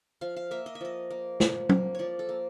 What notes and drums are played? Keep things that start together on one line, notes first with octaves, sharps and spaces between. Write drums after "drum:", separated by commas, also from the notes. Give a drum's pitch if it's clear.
F3 F5
F5
A#3 E5
D#5
E5
F3 D#5
A#3
F3, drum: snare
A#3, drum: tom
F3 C#5 D5
A4
A#3